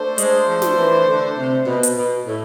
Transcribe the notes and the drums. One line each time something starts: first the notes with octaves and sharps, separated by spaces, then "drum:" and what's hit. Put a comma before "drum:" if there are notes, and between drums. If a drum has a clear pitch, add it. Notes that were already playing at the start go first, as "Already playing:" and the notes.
Already playing: A3 D4 A4 C5
G#3, drum: hi-hat
F3
drum: snare
E3
D3
C3
B2
drum: hi-hat
B2
A2